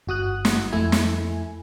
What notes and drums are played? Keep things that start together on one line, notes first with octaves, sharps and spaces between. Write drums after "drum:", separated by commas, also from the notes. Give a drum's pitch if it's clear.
G1 F#4 D#6 F#6
drum: snare
F2 A3 E4 G#5
drum: snare